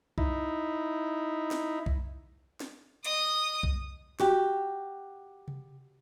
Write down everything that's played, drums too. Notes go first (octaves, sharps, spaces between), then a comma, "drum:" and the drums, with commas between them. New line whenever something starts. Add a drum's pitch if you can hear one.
D#4 E4, drum: kick
drum: snare
drum: kick
drum: snare
D#5 D#6, drum: hi-hat
drum: kick
F#4 G4, drum: snare
drum: tom C3